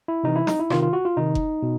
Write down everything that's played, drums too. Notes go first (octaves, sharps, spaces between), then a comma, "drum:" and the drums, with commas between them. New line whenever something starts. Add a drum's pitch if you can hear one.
E4
C3 E3 D#4
E4
D#4, drum: snare
E4
C3 D#3 F4, drum: rim click
F4
F#4
F4
C3 D#3 D#4
drum: kick F#1
B2